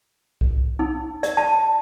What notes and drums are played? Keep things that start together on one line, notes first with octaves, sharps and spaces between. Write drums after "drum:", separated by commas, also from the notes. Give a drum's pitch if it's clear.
drum: kick C2
D#4
D5, drum: hi-hat
A5